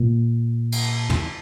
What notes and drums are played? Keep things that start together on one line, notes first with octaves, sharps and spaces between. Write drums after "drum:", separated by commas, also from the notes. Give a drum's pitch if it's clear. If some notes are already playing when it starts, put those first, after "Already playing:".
Already playing: A#2
drum: cymbal
drum: tom